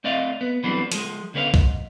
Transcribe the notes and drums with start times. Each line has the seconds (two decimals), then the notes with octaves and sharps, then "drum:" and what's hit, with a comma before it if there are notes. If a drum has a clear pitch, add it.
0.04 A3 C4 D5 D#5 F5
0.41 B3
0.64 E3 F#3 G3 B3 C4 D4
0.92 F3 G#3, drum: hi-hat
1.34 D2 D3 B3 C#4 C#5 F5
1.54 G#2, drum: kick B1